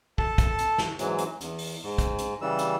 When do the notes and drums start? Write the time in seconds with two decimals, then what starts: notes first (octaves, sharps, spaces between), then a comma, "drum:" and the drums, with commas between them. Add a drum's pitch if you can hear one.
0.18 A4 A5, drum: kick
0.38 drum: kick, hi-hat
0.58 drum: hi-hat
0.78 drum: snare
0.99 G#2 E3 F#3, drum: hi-hat
1.18 drum: hi-hat
1.41 E2, drum: hi-hat
1.58 drum: open hi-hat
1.84 G#2
1.98 drum: kick, hi-hat
2.18 drum: hi-hat
2.42 C#3 E3 G3 E6
2.58 drum: hi-hat